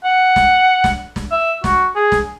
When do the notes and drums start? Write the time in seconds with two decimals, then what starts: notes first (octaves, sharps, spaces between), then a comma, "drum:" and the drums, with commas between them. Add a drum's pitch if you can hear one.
0.04 F#5
0.36 drum: snare
0.84 drum: snare
1.16 drum: snare
1.31 E5
1.64 F#4, drum: snare
1.95 G#4
2.12 drum: snare